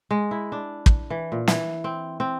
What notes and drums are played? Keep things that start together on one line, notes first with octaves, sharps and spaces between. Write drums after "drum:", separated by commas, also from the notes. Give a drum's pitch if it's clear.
G#3
E4
D4
drum: kick
E3
A#2
E3, drum: snare
C4
C4